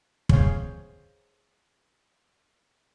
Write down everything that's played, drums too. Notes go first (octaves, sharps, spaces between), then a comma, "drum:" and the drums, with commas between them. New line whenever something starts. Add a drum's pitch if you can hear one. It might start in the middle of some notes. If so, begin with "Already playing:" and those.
G#4 C5 C#5 F5 G#5, drum: kick